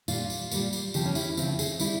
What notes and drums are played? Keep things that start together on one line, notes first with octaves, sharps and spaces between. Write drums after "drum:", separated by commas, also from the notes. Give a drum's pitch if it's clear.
A#2 G3 A#3 F4, drum: tambourine
drum: tambourine
A#2 G3 A#3, drum: tambourine
drum: tambourine
C#3 F3 C4 G4, drum: tambourine
C#4
E4, drum: tambourine
C#3 F3 C4, drum: tambourine
F4
G#4, drum: tambourine
G3 C4 E4, drum: tambourine